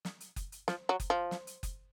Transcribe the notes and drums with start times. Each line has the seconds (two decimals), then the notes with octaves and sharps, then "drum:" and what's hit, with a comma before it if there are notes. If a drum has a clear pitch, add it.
0.05 drum: snare
0.20 drum: hi-hat
0.36 drum: kick F#1, hi-hat
0.52 drum: hi-hat
0.68 F3, drum: snare
0.89 F#3
1.00 drum: kick F#1, hi-hat
1.10 F3
1.31 drum: snare
1.47 drum: hi-hat
1.63 drum: kick F#1, hi-hat